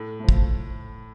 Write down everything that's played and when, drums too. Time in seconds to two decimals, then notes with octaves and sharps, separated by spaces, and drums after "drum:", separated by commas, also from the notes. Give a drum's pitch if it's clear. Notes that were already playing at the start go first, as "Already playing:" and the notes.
Already playing: A2
0.20 F3 A3
0.29 drum: kick